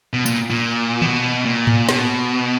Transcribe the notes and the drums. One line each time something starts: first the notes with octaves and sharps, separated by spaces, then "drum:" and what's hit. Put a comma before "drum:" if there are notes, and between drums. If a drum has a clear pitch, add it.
B2
A#2, drum: tambourine
A#2
B2, drum: tom
A#2
drum: tom G#2
B2, drum: snare